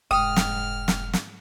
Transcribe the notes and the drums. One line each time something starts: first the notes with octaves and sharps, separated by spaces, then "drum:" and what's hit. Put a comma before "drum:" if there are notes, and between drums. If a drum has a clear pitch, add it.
F1 G#2 G5 D#6 F6
drum: snare
drum: snare
drum: snare